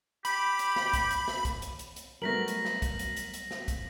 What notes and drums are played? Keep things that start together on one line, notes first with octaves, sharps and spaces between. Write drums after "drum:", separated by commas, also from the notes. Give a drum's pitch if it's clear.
G4 B5, drum: hi-hat
drum: hi-hat
drum: snare
drum: kick, hi-hat
drum: hi-hat
drum: snare
drum: kick, hi-hat
drum: hi-hat
drum: hi-hat
drum: hi-hat
F#3 G3 A3 B3 A#4 A#6 B6 F#7
drum: hi-hat
drum: snare
drum: kick, hi-hat
drum: hi-hat
drum: hi-hat
drum: hi-hat
drum: snare
drum: kick, hi-hat